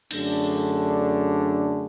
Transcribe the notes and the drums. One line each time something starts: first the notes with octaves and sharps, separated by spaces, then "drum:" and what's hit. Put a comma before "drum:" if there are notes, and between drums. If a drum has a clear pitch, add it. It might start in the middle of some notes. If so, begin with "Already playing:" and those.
F#2 D3 A3 D4 G#4, drum: cymbal